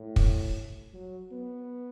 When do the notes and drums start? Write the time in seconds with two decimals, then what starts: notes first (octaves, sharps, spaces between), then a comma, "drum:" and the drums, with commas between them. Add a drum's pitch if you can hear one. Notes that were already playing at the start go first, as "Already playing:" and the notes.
Already playing: A2
0.16 drum: kick
0.94 F#3
1.32 B3